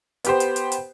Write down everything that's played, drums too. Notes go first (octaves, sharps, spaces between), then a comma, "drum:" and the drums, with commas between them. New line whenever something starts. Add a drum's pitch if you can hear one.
B3 G4 C5, drum: hi-hat
drum: hi-hat
drum: hi-hat
drum: hi-hat